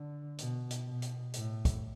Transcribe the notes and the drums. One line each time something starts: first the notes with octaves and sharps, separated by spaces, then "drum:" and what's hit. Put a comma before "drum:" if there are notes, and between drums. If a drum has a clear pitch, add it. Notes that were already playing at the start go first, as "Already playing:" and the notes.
Already playing: D3
B2, drum: hi-hat
drum: hi-hat
B2
drum: hi-hat
A2, drum: hi-hat
drum: kick, hi-hat